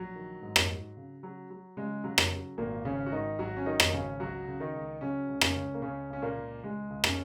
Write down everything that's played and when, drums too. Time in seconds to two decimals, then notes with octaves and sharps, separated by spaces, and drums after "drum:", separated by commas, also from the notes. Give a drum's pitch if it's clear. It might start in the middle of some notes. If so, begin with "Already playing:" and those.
Already playing: A#1 F#3
0.15 D#3
0.42 G#2
0.56 drum: rim click
0.69 F#3
0.97 C#3
1.23 F#3
1.50 F#3
1.77 C#3 G#3
2.04 C#3 F#3
2.18 drum: rim click
2.31 F#3
2.58 G#1 A#2 A#3
2.85 G#1 C#3 C#4
3.06 F#4
3.12 G#2 D#3 D#4
3.39 G#1 F#3 F#4
3.57 C#4
3.66 D#3 F#3 D#4
3.80 drum: rim click
3.93 G#1 C#3 C#4
4.20 C#2 F#3 F#4
4.48 C#3
4.60 D#3 D#4
4.75 C#2
5.01 C#3 F#3 C#4
5.28 C#2
5.41 C#3 C#4, drum: rim click
5.55 C#2
5.74 A#3
5.82 C#2 C#3 C#4
6.10 C#2 C#4
6.22 A#2 A#3
6.36 C#2
6.62 C#2 G#3
6.90 C#2
7.04 C#3 C#4, drum: rim click